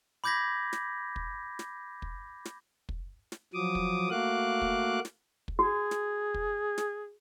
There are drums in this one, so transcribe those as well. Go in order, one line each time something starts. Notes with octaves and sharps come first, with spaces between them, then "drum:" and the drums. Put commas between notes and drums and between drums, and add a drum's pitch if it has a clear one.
B5 D6 G6 G#6 A#6 B6
drum: snare
drum: kick
drum: snare
drum: kick
drum: snare
drum: kick
drum: snare
F3 F#3 D6 D#6
drum: kick
A3 A#3 F#4 F5 D6 F#6
drum: kick
drum: snare
drum: kick
F#4 G#4
drum: snare
drum: kick
drum: snare